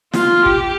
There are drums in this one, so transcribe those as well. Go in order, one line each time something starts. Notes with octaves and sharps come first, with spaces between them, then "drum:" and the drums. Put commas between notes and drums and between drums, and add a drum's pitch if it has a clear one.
F4, drum: snare
G4, drum: kick